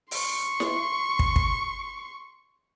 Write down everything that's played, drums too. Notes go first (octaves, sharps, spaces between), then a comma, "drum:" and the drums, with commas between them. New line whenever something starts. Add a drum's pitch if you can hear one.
C6 C#6, drum: open hi-hat
drum: snare E4
drum: kick
drum: kick